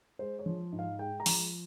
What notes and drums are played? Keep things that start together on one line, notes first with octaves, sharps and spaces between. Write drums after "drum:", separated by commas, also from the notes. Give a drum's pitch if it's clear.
G#3 C5
C#5
F3
G#2
F5
G#3 G5
A#5
F3, drum: open hi-hat